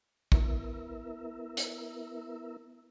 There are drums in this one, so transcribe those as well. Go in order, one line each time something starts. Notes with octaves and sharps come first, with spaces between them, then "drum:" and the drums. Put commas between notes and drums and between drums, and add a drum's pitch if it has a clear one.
B3 E4 A#4 E5, drum: kick
drum: hi-hat